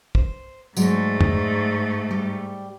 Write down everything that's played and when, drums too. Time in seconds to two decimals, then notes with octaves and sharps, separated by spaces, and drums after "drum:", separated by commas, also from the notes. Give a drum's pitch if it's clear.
0.15 C5, drum: kick
0.77 G#2 F#3 G#3 A3 D5, drum: tambourine
1.21 drum: tom
2.11 G3 G4